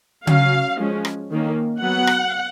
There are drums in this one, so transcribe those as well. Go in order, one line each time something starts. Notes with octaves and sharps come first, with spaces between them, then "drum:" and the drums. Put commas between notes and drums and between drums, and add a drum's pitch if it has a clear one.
F#3 C#4 F5, drum: tom C#3
F3 G#3 C#4
drum: rim click
D#3 A#3 C#4
F#3 B3 F#5
drum: rim click